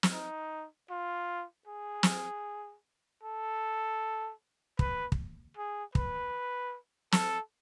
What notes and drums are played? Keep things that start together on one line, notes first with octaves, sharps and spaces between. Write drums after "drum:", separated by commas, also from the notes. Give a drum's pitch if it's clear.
drum: snare
D#4
F4
G#4
drum: snare
A4
B4, drum: kick
drum: kick
G#4
B4, drum: kick
A4, drum: snare